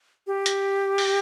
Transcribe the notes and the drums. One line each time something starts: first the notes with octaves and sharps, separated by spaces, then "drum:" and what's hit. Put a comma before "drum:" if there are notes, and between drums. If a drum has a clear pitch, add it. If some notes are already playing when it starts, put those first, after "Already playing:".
G4
drum: hi-hat
drum: open hi-hat